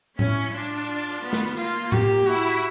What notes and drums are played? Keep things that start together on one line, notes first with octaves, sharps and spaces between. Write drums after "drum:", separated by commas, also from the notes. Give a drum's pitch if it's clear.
C#4 E4, drum: tom A2
D4 F4
drum: hi-hat
B3
drum: snare
A#3 F4, drum: hi-hat
G4, drum: tom A2
E4 F#4